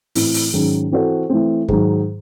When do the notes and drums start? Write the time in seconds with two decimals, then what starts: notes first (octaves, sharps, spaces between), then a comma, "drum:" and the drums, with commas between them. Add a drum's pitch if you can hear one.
0.15 A2 E3 C4, drum: open hi-hat
0.34 drum: open hi-hat
0.54 G#2 D#3 F#3 C#4 G#4
0.92 E3 C4 F#4 A4 C5
1.30 E3 A3 C4
1.69 G#2 D#3 F#3, drum: kick